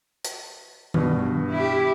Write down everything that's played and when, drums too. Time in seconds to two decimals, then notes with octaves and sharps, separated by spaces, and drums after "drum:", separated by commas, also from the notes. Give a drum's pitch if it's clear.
0.25 drum: hi-hat
0.94 G2 B2, drum: tom D#3
1.51 E4 G4